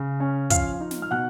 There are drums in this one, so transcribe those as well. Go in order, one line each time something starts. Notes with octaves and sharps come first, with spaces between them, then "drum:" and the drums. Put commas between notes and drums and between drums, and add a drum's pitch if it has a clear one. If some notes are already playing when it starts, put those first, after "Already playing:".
Already playing: C#3
C#4
F3 F5 F6, drum: kick, hi-hat
D#4
drum: snare
F6
B2 F#5 F#6